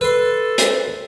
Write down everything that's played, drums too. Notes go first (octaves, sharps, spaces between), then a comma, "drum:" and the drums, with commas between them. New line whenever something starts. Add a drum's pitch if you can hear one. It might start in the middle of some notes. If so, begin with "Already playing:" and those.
A4 B4 C6
drum: hi-hat